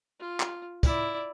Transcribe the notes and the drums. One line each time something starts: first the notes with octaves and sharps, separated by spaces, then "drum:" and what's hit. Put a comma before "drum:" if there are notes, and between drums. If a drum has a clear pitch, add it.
F4
drum: clap
E4 D5, drum: kick, tambourine